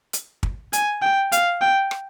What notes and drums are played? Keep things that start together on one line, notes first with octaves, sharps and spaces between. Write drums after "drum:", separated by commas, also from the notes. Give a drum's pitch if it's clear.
drum: hi-hat
drum: kick
G#5, drum: hi-hat
G5
F5, drum: hi-hat
G5
drum: rim click